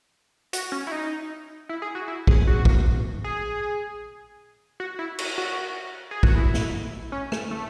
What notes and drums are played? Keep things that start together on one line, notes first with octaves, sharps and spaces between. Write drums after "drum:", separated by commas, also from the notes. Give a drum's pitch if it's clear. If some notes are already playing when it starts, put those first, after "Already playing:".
F#4, drum: hi-hat
C#4
E4
D#4
E4
G#4
F#4
E4
G#4, drum: kick
F#4
drum: kick
G#4
F#4
E4
F#4, drum: cymbal
F#4
G#4
F#4, drum: kick
E4
drum: snare
C#4
A3, drum: rim click
A3